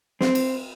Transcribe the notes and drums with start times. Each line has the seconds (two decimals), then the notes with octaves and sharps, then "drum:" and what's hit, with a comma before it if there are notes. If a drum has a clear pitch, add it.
0.21 C4, drum: snare
0.35 drum: cymbal